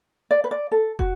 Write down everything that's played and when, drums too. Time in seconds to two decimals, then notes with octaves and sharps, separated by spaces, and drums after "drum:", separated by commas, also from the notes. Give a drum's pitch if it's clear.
0.31 D5
0.44 B4
0.51 D5
0.72 A4
0.99 F#4, drum: kick